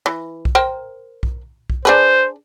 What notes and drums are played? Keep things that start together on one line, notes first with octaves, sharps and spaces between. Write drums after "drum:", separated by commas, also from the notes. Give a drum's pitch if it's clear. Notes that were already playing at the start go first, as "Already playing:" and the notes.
E3
drum: kick B1
A#4 C5 G5
drum: kick B1
drum: kick B1
D4 G#4 B4 C5